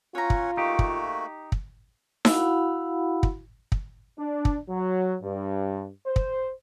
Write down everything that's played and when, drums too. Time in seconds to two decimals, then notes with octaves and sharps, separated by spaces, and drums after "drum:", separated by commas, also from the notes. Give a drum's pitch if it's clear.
0.15 C#4 F4 C#5 F#5 G#5 A#5
0.30 drum: kick
0.57 A3 A#3 D#4 F#4 G4
0.79 drum: kick
1.52 drum: kick
2.25 E4 F#4 F5 F#5 B5, drum: snare D#4
3.23 drum: kick
3.72 drum: kick
4.19 D4
4.45 drum: kick
4.69 F#3
5.22 G2
6.06 C5
6.16 drum: kick